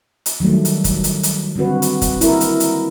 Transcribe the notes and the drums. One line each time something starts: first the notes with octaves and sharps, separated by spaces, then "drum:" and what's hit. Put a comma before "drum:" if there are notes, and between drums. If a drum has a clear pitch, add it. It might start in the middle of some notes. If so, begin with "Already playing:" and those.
drum: hi-hat
D#3 F#3 G3 A3
drum: hi-hat
drum: kick, hi-hat
drum: hi-hat
drum: hi-hat
D3 G3 C4 F#4 B4
drum: hi-hat
drum: kick, hi-hat
E4 A#4, drum: hi-hat
drum: hi-hat
drum: hi-hat